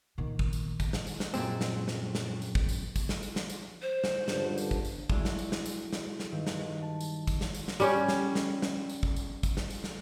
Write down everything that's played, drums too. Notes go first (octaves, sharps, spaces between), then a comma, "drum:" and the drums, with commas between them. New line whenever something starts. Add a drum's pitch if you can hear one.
A#1 D#3
drum: kick
drum: tambourine
drum: kick, tambourine
drum: snare
drum: tambourine
drum: snare
F#2 A#2 G#3 C4, drum: tambourine
drum: snare
drum: snare
drum: snare
drum: tambourine
drum: kick
drum: tambourine
drum: kick, tambourine
drum: snare
drum: tambourine
drum: snare
drum: tambourine
C5
drum: snare
C#2 G2 D3, drum: snare
drum: tambourine
drum: kick
drum: tambourine
F#3 G#3 A3 D4 E4, drum: kick
drum: snare
drum: tambourine
drum: snare
drum: tambourine
drum: snare
drum: snare
G2 D#3
drum: snare
A5
drum: tambourine
drum: kick, tambourine
drum: snare
drum: tambourine
drum: snare
G3 C#4, drum: tambourine
drum: snare
drum: snare
drum: snare
drum: tambourine
drum: kick
drum: tambourine
drum: kick, tambourine
drum: snare
drum: tambourine
drum: snare